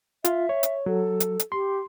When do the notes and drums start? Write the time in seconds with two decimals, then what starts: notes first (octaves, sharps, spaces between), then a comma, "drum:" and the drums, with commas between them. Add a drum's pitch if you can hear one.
0.25 F4 E5, drum: hi-hat
0.49 C#5
0.63 drum: hi-hat
0.86 F#3 A4
1.20 drum: hi-hat
1.39 drum: hi-hat
1.52 G4 C6